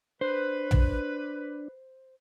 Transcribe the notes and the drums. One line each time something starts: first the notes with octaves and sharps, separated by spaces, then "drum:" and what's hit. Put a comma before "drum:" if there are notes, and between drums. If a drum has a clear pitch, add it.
D4 B4 C5
drum: tom B1